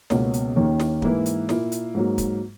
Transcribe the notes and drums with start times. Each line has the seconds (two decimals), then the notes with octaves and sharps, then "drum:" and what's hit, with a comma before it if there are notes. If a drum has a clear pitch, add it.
0.10 C#2 B2 A#3 C#4, drum: snare
0.34 drum: hi-hat
0.56 D#2 D#3 A#3 C#4
0.80 drum: snare
1.02 G#2 E3 A#3 E4 B4, drum: kick
1.26 drum: hi-hat
1.49 A#2 A#3 E4, drum: snare
1.72 drum: hi-hat
1.95 G#2 F#3 A#3
2.18 drum: kick, hi-hat